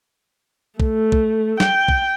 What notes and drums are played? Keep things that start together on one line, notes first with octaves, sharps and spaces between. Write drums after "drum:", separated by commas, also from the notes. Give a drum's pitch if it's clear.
A3, drum: kick
drum: kick
G5, drum: snare
drum: kick